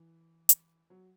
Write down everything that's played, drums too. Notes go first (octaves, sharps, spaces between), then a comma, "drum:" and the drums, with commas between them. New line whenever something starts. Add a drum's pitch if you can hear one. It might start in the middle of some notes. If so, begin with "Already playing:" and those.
Already playing: E3
drum: hi-hat
F#3